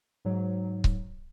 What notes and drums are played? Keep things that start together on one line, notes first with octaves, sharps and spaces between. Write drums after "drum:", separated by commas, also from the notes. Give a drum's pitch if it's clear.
G#2 F#3
drum: kick C#1